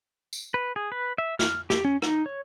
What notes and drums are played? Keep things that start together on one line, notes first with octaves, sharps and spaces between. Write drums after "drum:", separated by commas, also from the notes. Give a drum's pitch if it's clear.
drum: tambourine
B4
G#4
B4
E5
F6, drum: snare
G4, drum: snare
C#4
D#4, drum: rim click
C#5